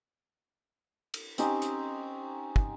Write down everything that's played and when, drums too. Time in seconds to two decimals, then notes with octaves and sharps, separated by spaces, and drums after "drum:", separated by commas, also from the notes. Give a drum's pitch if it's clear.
1.14 drum: cymbal
1.38 C4 C#4 D#4 G4, drum: hi-hat
1.62 drum: hi-hat
2.56 drum: kick